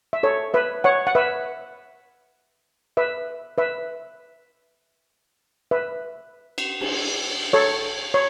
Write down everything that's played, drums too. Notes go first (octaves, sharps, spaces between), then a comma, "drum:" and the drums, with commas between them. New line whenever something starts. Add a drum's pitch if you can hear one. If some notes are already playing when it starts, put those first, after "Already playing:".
E5
A4 C#5
B4 E5
C#5 F#5
F#5
B4 E5
B4 E5
B4 E5
B4 E5
drum: cymbal
drum: cymbal
A4 C#5
C#5